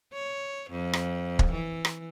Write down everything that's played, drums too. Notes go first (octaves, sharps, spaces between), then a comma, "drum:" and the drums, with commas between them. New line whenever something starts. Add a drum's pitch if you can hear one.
C#5
F2
drum: rim click
drum: kick
E3
drum: rim click